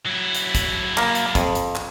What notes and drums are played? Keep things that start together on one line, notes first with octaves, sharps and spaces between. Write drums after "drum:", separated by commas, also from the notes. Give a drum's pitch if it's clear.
F#3 E4
drum: hi-hat
drum: kick, hi-hat
A#3, drum: clap
drum: hi-hat
F2, drum: kick, hi-hat
drum: hi-hat
drum: clap